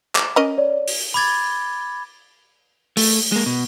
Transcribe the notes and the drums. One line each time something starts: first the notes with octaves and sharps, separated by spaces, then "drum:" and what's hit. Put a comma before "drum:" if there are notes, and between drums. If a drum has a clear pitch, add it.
D6, drum: clap
C#4 A#4 D#5
C#5 D5
drum: open hi-hat
B5 D6 G#6 A6
A3, drum: open hi-hat
G#3 A#3
B2